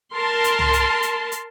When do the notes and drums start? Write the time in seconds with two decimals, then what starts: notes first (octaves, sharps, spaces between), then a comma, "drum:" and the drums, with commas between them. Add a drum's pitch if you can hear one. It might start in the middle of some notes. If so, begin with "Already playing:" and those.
0.15 A#4 A5 C6
0.44 drum: hi-hat
0.59 drum: tom
0.73 drum: hi-hat
1.03 drum: hi-hat
1.32 drum: hi-hat